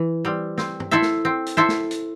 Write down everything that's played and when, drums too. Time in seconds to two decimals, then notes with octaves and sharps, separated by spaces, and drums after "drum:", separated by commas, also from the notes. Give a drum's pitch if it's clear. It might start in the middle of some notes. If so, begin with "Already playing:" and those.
Already playing: E3
0.25 G3 C4
0.58 C4, drum: snare
0.80 drum: tom
0.91 E4 A4 C5 E5
1.02 drum: snare
1.25 C4
1.46 drum: hi-hat
1.57 E4 A4 C5 E5
1.69 drum: snare
1.91 drum: hi-hat